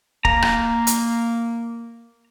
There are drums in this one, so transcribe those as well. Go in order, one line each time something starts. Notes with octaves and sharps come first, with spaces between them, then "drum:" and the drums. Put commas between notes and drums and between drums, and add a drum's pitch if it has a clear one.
A#3 A#5, drum: kick
drum: rim click
drum: hi-hat